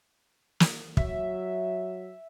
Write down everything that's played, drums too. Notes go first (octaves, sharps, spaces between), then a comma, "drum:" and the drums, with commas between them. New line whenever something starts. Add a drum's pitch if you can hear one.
drum: snare
F#3 E5, drum: kick